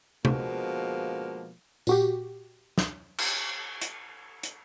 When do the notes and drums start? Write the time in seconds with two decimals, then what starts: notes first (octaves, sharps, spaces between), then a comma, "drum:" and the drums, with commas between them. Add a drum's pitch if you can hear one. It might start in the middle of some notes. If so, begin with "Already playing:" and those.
0.25 B2 D3 F3 G#3 A#3, drum: tom C3
1.87 A#2 F#4 G4, drum: tambourine
2.78 drum: snare
3.18 drum: cymbal
3.82 drum: hi-hat
4.43 drum: hi-hat